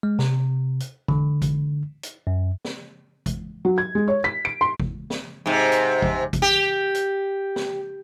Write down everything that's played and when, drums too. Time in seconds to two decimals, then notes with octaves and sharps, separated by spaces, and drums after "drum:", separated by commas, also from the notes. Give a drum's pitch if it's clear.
0.03 G#3
0.19 C3, drum: snare
0.80 drum: hi-hat
1.08 D3, drum: kick
1.42 drum: kick, hi-hat
2.03 drum: hi-hat
2.27 F#2
2.65 drum: snare
3.26 drum: kick, hi-hat
3.65 F#3
3.78 G#6
3.95 G#3
4.08 C#5
4.24 B6
4.45 D7
4.61 C6
4.80 drum: kick
5.10 drum: snare
5.46 G#2 C3
5.72 drum: hi-hat
6.02 drum: kick
6.33 drum: kick, hi-hat
6.42 G4
6.95 drum: hi-hat
7.56 drum: snare